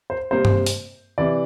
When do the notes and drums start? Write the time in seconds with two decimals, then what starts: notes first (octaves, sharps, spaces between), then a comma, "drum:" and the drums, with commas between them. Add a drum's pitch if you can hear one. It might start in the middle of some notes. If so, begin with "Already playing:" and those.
0.10 C5
0.31 C3 G3 A#3 C5
0.45 drum: tom G2
0.66 drum: open hi-hat
1.18 C3 E3 D5